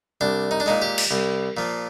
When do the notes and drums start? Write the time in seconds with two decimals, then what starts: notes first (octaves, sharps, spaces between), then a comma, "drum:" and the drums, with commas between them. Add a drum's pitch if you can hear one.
0.21 C2 D4
0.51 D#4
0.60 D4
0.66 A#2 G#3 D#4
0.82 G4
0.98 drum: cymbal
1.11 C2
1.57 A#2 F3